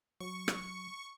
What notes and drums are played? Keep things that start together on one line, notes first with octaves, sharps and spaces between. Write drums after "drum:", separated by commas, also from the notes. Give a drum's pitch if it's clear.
F#3 C#6
drum: rim click